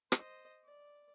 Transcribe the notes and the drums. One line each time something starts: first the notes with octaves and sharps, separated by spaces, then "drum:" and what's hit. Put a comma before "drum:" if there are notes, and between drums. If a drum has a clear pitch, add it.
C5 D#5, drum: rim click
D5